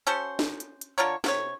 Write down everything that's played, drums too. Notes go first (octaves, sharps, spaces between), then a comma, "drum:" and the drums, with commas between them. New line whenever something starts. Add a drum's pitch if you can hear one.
C#4 F#4 A4 C5
drum: snare
drum: hi-hat
drum: hi-hat
D3 F4 A#4 C#5
C3 F4 C#5, drum: snare